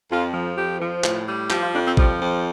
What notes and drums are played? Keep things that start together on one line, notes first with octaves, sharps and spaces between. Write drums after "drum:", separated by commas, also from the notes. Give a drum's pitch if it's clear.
F2 F4
F3
F2 G4
F3
A2, drum: clap
G3
F3 G4, drum: clap
F4
F2 D4
C4
F3 G3, drum: kick A1
F2